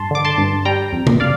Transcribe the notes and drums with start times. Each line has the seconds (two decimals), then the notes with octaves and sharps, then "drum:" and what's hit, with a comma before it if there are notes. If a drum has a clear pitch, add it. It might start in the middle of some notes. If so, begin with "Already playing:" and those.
Already playing: G2 A5 C6
0.11 D3 D6
0.25 A5 C6
0.38 G2
0.65 G3 G5 A#5
0.93 F2
1.07 drum: tom C3
1.20 D5 F5